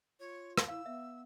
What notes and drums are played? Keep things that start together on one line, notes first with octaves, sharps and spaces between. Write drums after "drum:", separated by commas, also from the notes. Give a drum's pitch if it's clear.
F4 C#5
drum: rim click
E4 F5 E6
B3 E5